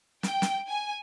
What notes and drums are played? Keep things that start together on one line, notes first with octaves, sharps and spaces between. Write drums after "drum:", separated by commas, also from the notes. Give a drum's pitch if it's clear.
G5, drum: snare
drum: snare
G#5